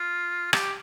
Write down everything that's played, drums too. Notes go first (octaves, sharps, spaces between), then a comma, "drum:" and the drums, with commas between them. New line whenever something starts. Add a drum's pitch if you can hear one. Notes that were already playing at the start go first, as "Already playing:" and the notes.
Already playing: F4
G4, drum: rim click